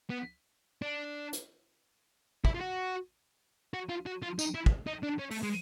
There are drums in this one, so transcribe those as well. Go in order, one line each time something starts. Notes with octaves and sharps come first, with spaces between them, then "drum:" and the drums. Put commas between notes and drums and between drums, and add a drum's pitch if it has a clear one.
B3
D4
drum: hi-hat
E4, drum: kick
F4
F#4
F#4
F4
F#4
F4
D#4, drum: tambourine
E4
drum: kick
D#4
D4
C#4
A3, drum: open hi-hat
G#3